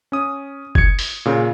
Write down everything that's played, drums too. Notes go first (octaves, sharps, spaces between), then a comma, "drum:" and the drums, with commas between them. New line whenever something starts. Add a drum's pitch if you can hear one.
C#4 D#6
G#6 C#7, drum: kick
drum: open hi-hat
A#2 C#3